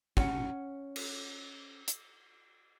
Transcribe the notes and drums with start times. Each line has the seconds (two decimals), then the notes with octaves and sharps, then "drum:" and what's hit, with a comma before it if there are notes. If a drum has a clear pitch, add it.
0.17 C#4 F#5, drum: kick
0.96 drum: cymbal
1.88 drum: hi-hat